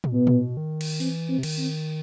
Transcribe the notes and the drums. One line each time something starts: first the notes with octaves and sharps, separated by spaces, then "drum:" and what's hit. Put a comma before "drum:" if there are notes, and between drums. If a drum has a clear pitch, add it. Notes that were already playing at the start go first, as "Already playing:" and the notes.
drum: tom A2
B2 B3
drum: tom A2
D#3
drum: cymbal
E3 C4, drum: open hi-hat
C4
C3
D#3, drum: cymbal
C4